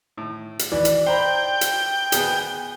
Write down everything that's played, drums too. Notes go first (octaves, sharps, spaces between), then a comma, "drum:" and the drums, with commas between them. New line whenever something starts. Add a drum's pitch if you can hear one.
A2
drum: hi-hat
E3 D5
drum: hi-hat
C5 G5 A#5 B5
drum: hi-hat
B3 G#4, drum: hi-hat